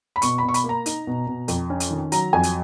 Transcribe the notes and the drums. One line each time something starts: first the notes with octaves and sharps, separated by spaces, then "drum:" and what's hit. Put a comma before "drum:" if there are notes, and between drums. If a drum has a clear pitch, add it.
B5
B2 C#6, drum: hi-hat
B2 B5
C#6
B5, drum: hi-hat
A#3
A#5
D#4, drum: hi-hat
B2
B2
F2, drum: hi-hat
C#4
drum: hi-hat
D#3
F#3 A#5, drum: hi-hat
F2 G#5
drum: hi-hat